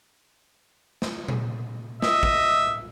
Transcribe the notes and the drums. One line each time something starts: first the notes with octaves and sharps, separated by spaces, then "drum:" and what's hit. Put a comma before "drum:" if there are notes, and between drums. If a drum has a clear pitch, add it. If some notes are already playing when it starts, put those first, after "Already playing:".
drum: snare
drum: tom A#2
D#5 E5, drum: snare
drum: kick